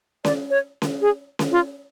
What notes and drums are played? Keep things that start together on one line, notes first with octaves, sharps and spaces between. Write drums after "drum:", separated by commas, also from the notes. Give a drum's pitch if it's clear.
D5, drum: snare C#4
C#5
drum: snare C#4
G#4
drum: snare C#4
F4